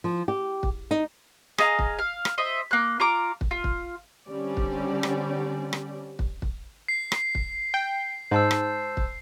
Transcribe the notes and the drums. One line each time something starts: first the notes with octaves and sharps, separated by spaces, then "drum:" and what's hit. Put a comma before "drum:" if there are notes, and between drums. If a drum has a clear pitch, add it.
F3
G4
drum: kick
D#4
G#4 D#5 F5 A#5, drum: rim click
drum: kick
F5
drum: rim click
C5 D#5 E5
A#3 F#6
F4 A#5 D6
drum: kick
F4
drum: kick
D3 G3 C4 C#4 D5
drum: kick
drum: rim click
drum: rim click
drum: kick
drum: kick
C7
drum: rim click
drum: kick
G5
G#2 C5 A5 E6
drum: rim click
drum: kick